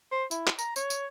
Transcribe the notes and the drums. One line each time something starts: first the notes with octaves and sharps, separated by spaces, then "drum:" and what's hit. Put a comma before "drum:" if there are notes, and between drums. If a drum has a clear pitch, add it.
C5
E4, drum: tambourine
drum: clap
A#5, drum: tambourine
C#5, drum: tambourine
drum: tambourine